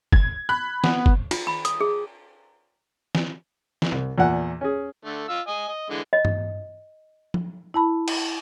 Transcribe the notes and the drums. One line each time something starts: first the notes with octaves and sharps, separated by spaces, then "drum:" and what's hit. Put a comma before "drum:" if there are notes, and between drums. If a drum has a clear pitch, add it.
G#6, drum: kick
B5 F#6
B3, drum: snare
drum: kick
F4, drum: cymbal
B5
D#6, drum: hi-hat
G#4
drum: snare
drum: snare
C2
E2 A#2 F#5
C#4 G#4
D3 A3
F4 E6
D#5 G#5
D#5
D3 E3 G#3
D#5
drum: tom
drum: tom F3
E4 A5 B5
drum: cymbal